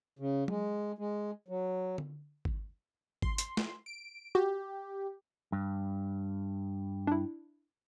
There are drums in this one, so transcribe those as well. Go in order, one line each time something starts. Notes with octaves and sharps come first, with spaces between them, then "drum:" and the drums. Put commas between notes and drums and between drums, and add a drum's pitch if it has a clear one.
C#3
G#3, drum: tom F#3
G#3
F#3
drum: tom D3
drum: kick G#1
C6, drum: kick G#1
drum: hi-hat
drum: snare
D7
F#4 G4
G2
D4 E4